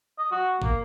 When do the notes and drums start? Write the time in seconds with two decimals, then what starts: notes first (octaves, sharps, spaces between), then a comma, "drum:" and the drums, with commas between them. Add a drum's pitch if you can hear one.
0.18 D#5
0.32 F#4
0.62 A#3, drum: kick G#1